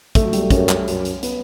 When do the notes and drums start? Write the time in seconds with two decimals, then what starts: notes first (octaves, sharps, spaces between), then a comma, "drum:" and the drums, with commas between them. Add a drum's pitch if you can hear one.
0.15 A3, drum: kick, hi-hat
0.24 F#3
0.33 G3, drum: hi-hat
0.42 A3
0.50 F#2 C#4, drum: kick, hi-hat
0.69 drum: clap
0.87 F#2, drum: hi-hat
1.05 drum: hi-hat
1.23 B3, drum: hi-hat